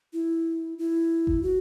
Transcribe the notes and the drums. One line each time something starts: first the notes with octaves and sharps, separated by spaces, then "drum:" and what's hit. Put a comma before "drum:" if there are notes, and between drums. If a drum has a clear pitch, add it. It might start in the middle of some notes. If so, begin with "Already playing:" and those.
E4
E4
drum: kick G1
F#4